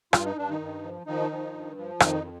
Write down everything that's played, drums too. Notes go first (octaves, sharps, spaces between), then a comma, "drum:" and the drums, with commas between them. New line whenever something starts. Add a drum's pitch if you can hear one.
G2 F4, drum: rim click
D#4
G2 D4
D#3 D#4
G2
F3
D#3 F3 D#4
F3
G2
F3
F2 D#3 D#4, drum: rim click
D#3